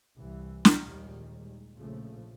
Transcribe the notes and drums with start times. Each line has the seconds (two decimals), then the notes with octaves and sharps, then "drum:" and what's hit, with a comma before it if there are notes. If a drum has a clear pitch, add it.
0.18 C2 E3
0.65 drum: snare
0.85 A#1 D#2 A#2 D#3 G3 G#3
1.76 A#1 C#3 F3 A3